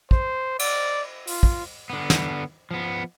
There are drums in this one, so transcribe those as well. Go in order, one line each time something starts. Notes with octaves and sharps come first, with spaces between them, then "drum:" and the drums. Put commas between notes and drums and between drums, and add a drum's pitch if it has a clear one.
C5, drum: kick
D5, drum: cymbal
F4, drum: open hi-hat
drum: kick
D3 B3
drum: snare
F3 B3